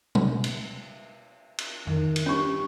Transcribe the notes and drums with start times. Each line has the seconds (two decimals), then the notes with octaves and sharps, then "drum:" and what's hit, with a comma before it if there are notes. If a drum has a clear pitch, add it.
0.15 drum: tom
0.44 drum: cymbal
1.58 drum: cymbal
1.87 D#3, drum: tom F2
2.16 drum: cymbal
2.26 G2 C#4 C#6